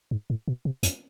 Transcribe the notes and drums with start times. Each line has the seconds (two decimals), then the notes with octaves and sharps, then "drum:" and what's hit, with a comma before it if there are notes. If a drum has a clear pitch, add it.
0.11 G#2
0.30 A2
0.48 B2
0.65 C3
0.83 F2, drum: hi-hat